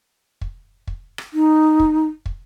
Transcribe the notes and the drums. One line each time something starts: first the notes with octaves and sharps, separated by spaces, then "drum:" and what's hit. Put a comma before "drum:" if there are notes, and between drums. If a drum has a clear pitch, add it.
drum: kick
drum: kick
drum: rim click
D#4
drum: kick
drum: kick